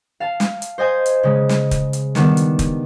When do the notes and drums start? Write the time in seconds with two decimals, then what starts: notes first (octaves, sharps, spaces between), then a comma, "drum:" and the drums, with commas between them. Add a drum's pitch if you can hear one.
0.20 F5 A5
0.40 drum: snare
0.62 drum: hi-hat
0.78 C5 D#5 G#5 G6
1.06 drum: hi-hat
1.23 C#3 G#3
1.49 drum: snare
1.71 drum: kick, hi-hat
1.93 drum: hi-hat
2.15 D#3 G3 B3 D4, drum: snare
2.37 drum: hi-hat
2.59 drum: kick, hi-hat